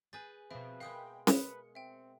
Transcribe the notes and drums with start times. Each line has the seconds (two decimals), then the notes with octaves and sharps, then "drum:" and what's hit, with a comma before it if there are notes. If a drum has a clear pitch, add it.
0.13 G#4 B4 G#5 G6 A6
0.51 B2 F3 C4 B4 E5
0.80 B2 G#3 A#4 F5 G5 B5 D#6
1.27 A#4 B4 D#6 C#7, drum: snare C#4
1.75 C4 E5 G5